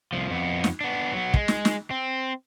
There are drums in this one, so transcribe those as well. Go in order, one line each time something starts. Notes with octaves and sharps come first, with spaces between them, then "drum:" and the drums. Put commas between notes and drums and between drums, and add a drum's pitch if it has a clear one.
C2 F3
F2 B3
drum: snare
B3 D4
F#3 B3
G#3, drum: kick
drum: snare
drum: snare
C4